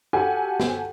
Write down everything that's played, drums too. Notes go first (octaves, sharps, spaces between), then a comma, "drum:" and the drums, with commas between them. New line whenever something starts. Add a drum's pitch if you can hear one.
F#4 G4 A4 F#5 G#5
drum: snare